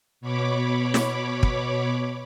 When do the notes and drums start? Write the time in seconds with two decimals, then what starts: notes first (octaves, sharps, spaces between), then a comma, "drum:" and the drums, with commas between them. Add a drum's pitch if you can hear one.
0.21 B2 C#5 B5 D6
0.94 drum: snare
1.43 drum: kick